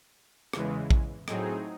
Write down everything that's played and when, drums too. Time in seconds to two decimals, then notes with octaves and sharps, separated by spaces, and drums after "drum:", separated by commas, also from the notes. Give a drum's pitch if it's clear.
0.53 E2 C#3 E3 G#3, drum: rim click
0.90 drum: kick A#1
1.28 A2 F#3 C4 D#4 G#4, drum: rim click